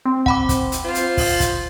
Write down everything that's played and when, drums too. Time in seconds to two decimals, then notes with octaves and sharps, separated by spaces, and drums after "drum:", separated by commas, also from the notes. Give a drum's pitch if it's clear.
0.06 C4
0.26 F#5 B5 D6, drum: kick
0.49 drum: kick, hi-hat
0.72 drum: hi-hat
0.85 F4 C5
0.95 drum: hi-hat
1.17 drum: kick, open hi-hat
1.40 drum: kick, hi-hat